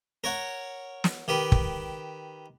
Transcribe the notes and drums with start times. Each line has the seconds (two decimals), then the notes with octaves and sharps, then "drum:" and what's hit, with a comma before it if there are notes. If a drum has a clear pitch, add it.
0.24 A#4 C#5 F#5
1.04 drum: snare
1.28 D#3 G4 B4
1.52 drum: kick